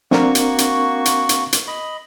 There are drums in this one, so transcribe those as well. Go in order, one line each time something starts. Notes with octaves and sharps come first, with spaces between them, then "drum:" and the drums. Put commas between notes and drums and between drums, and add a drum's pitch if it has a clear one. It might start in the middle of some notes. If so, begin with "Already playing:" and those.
A#3 C4 D4 F#4 A#4 C#6, drum: snare
drum: hi-hat
drum: hi-hat
drum: hi-hat
drum: hi-hat
drum: hi-hat
D#5 B5